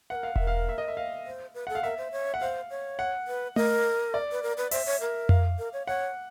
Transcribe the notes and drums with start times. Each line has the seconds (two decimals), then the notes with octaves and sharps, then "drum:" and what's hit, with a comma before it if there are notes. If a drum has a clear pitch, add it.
0.10 B4 F#5
0.15 A#4
0.23 F5
0.36 A#4 E5, drum: kick E1
0.47 F5
0.69 E5
0.78 D#5
0.88 E5
0.97 F5
1.26 C5
1.54 B4
1.67 A4 F#5
1.75 F5
1.83 A#4 E5
1.98 C5
2.12 C#5
2.34 F#5
2.41 C5 F5
2.70 C#5
2.99 F#5
3.27 B4
3.56 A#4 D#5, drum: tom A3
4.14 D5
4.32 B4
4.43 A#4
4.57 B4
4.71 C5 E5, drum: open hi-hat
4.86 C#5
5.01 A#4
5.29 F5, drum: tom F2
5.58 A#4
5.73 C#5
5.87 C#5 F#5